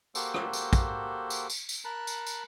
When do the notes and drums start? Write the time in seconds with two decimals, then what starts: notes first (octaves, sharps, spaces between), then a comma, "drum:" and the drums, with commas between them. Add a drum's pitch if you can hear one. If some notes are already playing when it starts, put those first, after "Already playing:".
0.15 A#3 F#4 G4 A4 C5, drum: tambourine
0.34 drum: rim click
0.53 drum: tambourine
0.73 drum: kick, tambourine
1.30 drum: tambourine
1.50 drum: tambourine
1.69 drum: tambourine
1.85 A#4 A5 B5 F#6
2.07 drum: tambourine
2.27 drum: tambourine